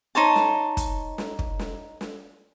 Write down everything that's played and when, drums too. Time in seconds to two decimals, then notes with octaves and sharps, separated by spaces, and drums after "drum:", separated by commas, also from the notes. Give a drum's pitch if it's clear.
0.15 D#4 C5 C#5 A5
0.36 drum: snare
0.77 drum: kick, hi-hat
1.18 drum: snare
1.39 drum: kick
1.59 drum: snare
2.01 drum: snare